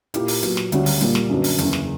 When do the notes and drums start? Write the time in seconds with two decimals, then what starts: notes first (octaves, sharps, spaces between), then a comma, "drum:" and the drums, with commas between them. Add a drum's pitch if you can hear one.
0.14 A#2 A#3 E4 G4, drum: hi-hat
0.28 drum: open hi-hat
0.43 A#2 F#3 B3, drum: hi-hat
0.57 drum: snare
0.72 D2 C#3 G3 C#4 F#4, drum: hi-hat
0.86 drum: open hi-hat
1.01 A#2 G3 A#3, drum: hi-hat
1.15 drum: snare
1.29 F#2 D3 F#3 B3 D4
1.44 drum: open hi-hat
1.58 F#1 E2 C#3, drum: hi-hat
1.73 drum: snare